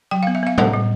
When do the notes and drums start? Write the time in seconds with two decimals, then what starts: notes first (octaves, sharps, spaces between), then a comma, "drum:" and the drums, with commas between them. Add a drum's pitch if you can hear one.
0.11 F#3 G5
0.23 F5
0.27 B3
0.35 E5
0.43 B3 F5
0.58 G3 F#5, drum: tom
0.73 G3